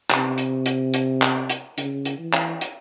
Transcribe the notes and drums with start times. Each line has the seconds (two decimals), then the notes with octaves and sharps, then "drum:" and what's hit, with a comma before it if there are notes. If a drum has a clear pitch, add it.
0.10 C3, drum: clap
0.38 drum: hi-hat
0.66 drum: hi-hat
0.94 drum: hi-hat
1.22 drum: clap
1.50 drum: hi-hat
1.78 C#3, drum: hi-hat
2.05 drum: hi-hat
2.19 E3
2.33 drum: clap
2.61 drum: hi-hat